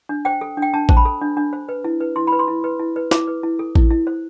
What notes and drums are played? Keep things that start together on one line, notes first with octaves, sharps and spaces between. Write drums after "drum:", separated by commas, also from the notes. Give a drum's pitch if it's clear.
D4
C5 G5
A4
D4
G5
D4 A5
C5 A5, drum: kick A1
B5
A4
D4
D4
C5
B4
E4
B4
E4 C6
B5
B4
C6
E4
B4
E4
B4
E4 D6, drum: snare
B4
E4
A4
E4, drum: kick A1
E4
C5